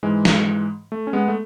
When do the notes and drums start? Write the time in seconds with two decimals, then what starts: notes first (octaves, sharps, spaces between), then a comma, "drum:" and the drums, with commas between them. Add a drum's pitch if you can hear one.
0.03 G#2 E3 G#3
0.25 drum: snare
0.92 A3
1.07 C#4
1.13 G#3 B3
1.28 A3